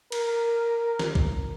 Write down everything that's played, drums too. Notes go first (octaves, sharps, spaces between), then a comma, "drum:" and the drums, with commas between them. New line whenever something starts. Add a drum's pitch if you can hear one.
A#4, drum: cymbal
drum: snare
drum: kick